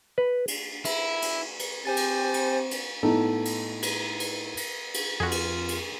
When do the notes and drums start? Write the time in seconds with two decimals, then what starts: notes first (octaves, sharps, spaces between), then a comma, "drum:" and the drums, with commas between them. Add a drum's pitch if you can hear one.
0.18 B4
0.48 drum: cymbal
0.85 E4, drum: cymbal
1.22 drum: cymbal
1.59 drum: cymbal
1.85 C4 G4 C5 G#5 A6
1.97 drum: cymbal
2.34 drum: cymbal
2.71 drum: cymbal
3.03 A2 B3 D#4 A4
3.45 drum: cymbal
3.83 drum: cymbal
4.20 drum: cymbal
4.57 drum: cymbal
4.94 drum: cymbal
5.20 F2 F4 F#4 G#4
5.31 drum: cymbal
5.69 drum: cymbal